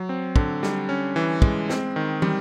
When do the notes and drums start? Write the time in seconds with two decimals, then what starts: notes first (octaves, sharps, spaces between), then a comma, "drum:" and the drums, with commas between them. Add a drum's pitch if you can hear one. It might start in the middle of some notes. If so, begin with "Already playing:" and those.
Already playing: F#3
0.09 C4
0.36 D3, drum: kick
0.63 G3, drum: snare
0.89 C#4
1.16 E3
1.42 G#3, drum: kick
1.70 C4, drum: snare
1.96 D#3
2.22 G3, drum: tom